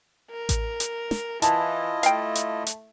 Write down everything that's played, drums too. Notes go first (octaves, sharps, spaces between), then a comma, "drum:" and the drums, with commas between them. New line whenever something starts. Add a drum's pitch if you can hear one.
A#4
drum: kick A1, hi-hat
drum: hi-hat
drum: snare
E3 E4 F4 D#5 A5, drum: hi-hat
A3 F5 G5, drum: hi-hat
drum: hi-hat
drum: hi-hat